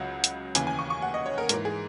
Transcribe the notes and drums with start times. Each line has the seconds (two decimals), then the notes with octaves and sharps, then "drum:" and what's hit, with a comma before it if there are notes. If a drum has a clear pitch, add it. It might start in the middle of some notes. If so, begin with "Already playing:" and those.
Already playing: C#2 C#3 F#3 F#5
0.24 drum: hi-hat
0.55 D#2 C#3 E3 G#5, drum: hi-hat
0.67 G#5
0.79 C#6
0.90 C#6
1.02 F#5
1.14 D#5
1.26 C#5
1.38 A#4
1.49 G#2 E3 A#4, drum: hi-hat
1.65 G#4